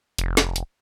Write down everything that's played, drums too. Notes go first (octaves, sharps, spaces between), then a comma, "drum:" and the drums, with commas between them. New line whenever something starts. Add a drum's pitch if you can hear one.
F1, drum: hi-hat
drum: snare
drum: hi-hat